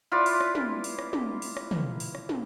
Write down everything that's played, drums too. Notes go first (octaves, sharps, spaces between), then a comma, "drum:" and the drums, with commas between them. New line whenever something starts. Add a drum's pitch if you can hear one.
E4 F4 B4 D5
drum: open hi-hat
drum: rim click
drum: tom
drum: open hi-hat
drum: rim click
drum: tom
drum: open hi-hat
drum: rim click
drum: tom
drum: open hi-hat
drum: rim click
drum: tom